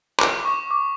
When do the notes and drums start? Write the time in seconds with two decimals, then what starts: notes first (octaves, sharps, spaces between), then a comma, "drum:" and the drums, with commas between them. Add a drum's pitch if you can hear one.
0.19 D6, drum: clap
0.45 C#6
0.71 D6